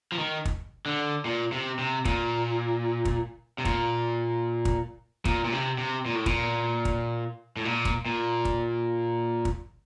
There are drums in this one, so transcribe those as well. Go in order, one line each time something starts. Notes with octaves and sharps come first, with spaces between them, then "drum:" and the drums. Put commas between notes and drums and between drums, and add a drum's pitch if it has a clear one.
F3
D#3
drum: kick
D3
A#2
C3
C3
A#2, drum: kick
drum: kick
C3
A#2, drum: kick
drum: kick
A#2, drum: kick
A#2
C3
C3
A#2
A2
A#2, drum: kick
drum: kick
A2
A#2
drum: kick
A#2
drum: kick
drum: kick